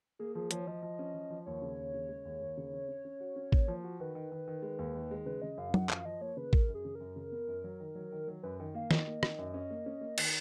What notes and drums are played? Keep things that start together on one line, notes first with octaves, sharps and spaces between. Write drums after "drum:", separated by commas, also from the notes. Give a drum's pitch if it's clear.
A#3 G#4
F3 G#4
F3 C#5, drum: hi-hat
F3 D#5
F3
C#4
F3
F3
D#2 C#5
C#3
D#2
C#3
G#3
D#2
D#2
C#3
C#4
C#4
C#4
F#4
C#4
A#3, drum: kick
F3
F#4
D#3 B4
D#3
D#3
D#3
G#3
D#2
D#3
G#3
C#3 B4
C#3 D#5
F#2 F5
F#2 F#5, drum: tom F#3
F3 F5, drum: clap
F3 D#5
A#3 C#5
C#3 B4
C#3 A#4, drum: kick
F#2
G#4
C#3
F#2 A#4
C#3
B3
F#2
F#3
D#3
F#3
D#3
F#3
F#2 B4
D#3
A#3 F5
D#3 D#5, drum: snare
A#3
D#3, drum: rim click
F#2
C#4
A#3
C#4
A#3
D#3, drum: cymbal